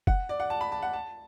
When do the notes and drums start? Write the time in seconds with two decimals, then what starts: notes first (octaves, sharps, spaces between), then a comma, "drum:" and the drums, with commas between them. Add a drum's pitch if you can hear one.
0.07 F#5, drum: kick
0.29 D5
0.40 F#5
0.50 A5
0.61 B5
0.72 A5
0.82 F#5
0.93 A5